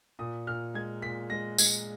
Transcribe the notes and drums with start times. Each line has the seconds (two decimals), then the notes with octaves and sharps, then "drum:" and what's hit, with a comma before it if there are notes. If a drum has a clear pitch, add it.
0.19 A#2 D#6
0.47 A#2 F6
0.74 G#3 G#6
1.02 A#2 B6
1.30 G#3 A#6
1.58 G#3 G#6, drum: tambourine